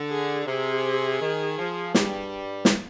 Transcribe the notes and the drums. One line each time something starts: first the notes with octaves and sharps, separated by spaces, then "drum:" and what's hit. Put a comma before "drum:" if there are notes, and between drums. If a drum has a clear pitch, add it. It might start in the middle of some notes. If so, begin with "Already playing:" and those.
Already playing: D3
G#4
C3 G#4
D#3
F3
G2 G3, drum: snare
drum: snare